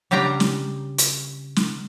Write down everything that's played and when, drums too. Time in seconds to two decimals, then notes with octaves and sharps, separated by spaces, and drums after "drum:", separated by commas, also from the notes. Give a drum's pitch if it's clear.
0.11 C#3 G3 D4 G4 A#5
0.40 drum: snare
0.98 drum: hi-hat
1.56 drum: snare